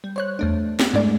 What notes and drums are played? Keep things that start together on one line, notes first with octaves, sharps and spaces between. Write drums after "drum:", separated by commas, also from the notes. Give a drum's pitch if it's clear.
G3
C5 C#5 F#6
E2 A3 D4
G4, drum: snare
G#2 G#3 A3 D4 D5